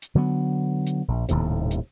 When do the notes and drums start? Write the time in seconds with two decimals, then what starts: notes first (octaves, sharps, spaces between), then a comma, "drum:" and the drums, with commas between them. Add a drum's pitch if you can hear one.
0.02 drum: hi-hat
0.15 D3 F#3 G3 B3
0.86 drum: hi-hat
1.08 A#1
1.29 D#1 D#2 A2 C3, drum: hi-hat
1.71 drum: hi-hat